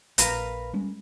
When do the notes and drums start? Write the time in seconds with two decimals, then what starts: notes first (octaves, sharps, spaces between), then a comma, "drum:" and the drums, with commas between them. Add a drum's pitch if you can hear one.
0.18 A#1 A#4 B4 F5, drum: hi-hat
0.73 G3 G#3 C#4